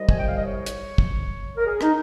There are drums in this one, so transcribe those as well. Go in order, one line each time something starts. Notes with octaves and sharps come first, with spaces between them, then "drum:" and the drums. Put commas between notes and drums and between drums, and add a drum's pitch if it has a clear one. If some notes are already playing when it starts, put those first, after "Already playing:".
Already playing: C2 C3 G3 D#5
G#5, drum: kick
G5
F5
D#5
C#5
drum: hi-hat
drum: kick
A#4
G#4
D#4, drum: rim click